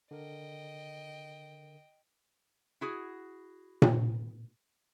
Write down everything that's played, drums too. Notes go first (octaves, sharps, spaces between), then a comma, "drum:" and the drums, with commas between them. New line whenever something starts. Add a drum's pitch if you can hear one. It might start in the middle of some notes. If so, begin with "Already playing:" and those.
D3 A#4 D#5 G5
E4 F#4 G#4
drum: tom A#2